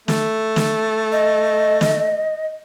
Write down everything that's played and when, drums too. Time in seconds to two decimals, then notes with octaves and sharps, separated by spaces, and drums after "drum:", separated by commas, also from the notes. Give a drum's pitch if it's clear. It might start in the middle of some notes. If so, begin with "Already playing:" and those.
0.08 A3, drum: snare
0.56 drum: snare
1.12 D#5
1.81 drum: snare